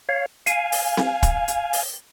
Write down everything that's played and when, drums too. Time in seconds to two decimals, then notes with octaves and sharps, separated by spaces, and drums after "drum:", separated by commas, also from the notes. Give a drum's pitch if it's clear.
0.09 C#5 F5
0.46 F5 G#5, drum: hi-hat
0.72 drum: open hi-hat
0.97 drum: snare C4
1.23 drum: kick, hi-hat
1.48 drum: hi-hat
1.73 drum: open hi-hat